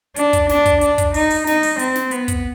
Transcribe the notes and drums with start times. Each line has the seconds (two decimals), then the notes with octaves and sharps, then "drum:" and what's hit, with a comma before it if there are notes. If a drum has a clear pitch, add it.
0.16 D4, drum: hi-hat
0.33 drum: kick, hi-hat
0.49 D4, drum: snare
0.66 drum: kick, hi-hat
0.81 D4, drum: hi-hat
0.98 drum: kick, hi-hat
1.14 D#4, drum: open hi-hat
1.30 drum: open hi-hat
1.47 D#4, drum: snare
1.63 drum: open hi-hat
1.79 C4, drum: hi-hat
1.95 drum: snare
2.11 B3, drum: hi-hat
2.28 drum: kick, hi-hat